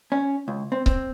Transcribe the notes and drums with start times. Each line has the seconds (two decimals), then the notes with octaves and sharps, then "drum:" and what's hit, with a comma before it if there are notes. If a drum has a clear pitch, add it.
0.12 C#4
0.48 C#2
0.72 C4
0.86 C4, drum: kick C#1